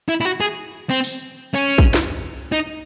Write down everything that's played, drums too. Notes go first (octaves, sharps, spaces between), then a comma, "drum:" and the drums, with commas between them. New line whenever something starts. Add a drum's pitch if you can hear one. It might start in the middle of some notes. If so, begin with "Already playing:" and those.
E4
E4
F#4
G#4
C4
drum: open hi-hat
C#4
drum: kick
drum: snare
D#4